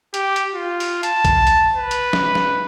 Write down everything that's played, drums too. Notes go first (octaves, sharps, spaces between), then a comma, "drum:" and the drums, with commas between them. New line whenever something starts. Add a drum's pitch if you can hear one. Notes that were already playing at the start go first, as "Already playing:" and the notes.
G4, drum: hi-hat
drum: hi-hat
F4
drum: open hi-hat
A5, drum: hi-hat
drum: kick B1, hi-hat
drum: hi-hat
B4
drum: hi-hat
drum: snare
drum: snare